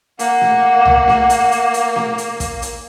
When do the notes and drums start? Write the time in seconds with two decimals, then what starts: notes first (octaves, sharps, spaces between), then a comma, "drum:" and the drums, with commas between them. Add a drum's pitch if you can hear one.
0.19 A#3 F#5, drum: hi-hat
0.41 drum: snare
0.85 drum: tom C2
1.08 drum: snare
1.30 drum: hi-hat
1.52 drum: hi-hat
1.74 drum: hi-hat
1.96 drum: snare
2.18 drum: hi-hat
2.40 drum: kick, hi-hat
2.62 drum: hi-hat